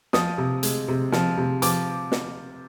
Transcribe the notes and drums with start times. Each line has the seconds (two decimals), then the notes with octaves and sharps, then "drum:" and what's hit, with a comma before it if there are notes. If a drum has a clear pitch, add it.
0.13 F3 D#6, drum: snare
0.38 C3
0.63 G#3, drum: hi-hat
0.88 C3
1.12 F3, drum: snare
1.37 C3
1.62 F3 D6, drum: hi-hat
2.12 drum: snare